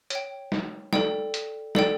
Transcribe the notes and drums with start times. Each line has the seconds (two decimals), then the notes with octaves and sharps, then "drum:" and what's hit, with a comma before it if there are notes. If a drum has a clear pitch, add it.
0.10 C#5 G5, drum: hi-hat
0.52 drum: snare
0.93 A4 D5 G5, drum: snare
1.34 drum: hi-hat
1.75 A4 D5 G5, drum: snare